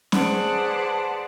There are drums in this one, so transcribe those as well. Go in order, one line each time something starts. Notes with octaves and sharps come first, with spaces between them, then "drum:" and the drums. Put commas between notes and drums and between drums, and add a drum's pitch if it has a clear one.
G#4 B4 C5 D5 F#5 A5, drum: snare